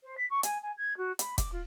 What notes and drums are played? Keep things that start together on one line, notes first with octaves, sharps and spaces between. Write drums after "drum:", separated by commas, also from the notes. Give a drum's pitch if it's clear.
C5
B6
C#6
G#5, drum: hi-hat
G#5
G#6
F#4
B5, drum: hi-hat
D6, drum: kick E1, hi-hat
F4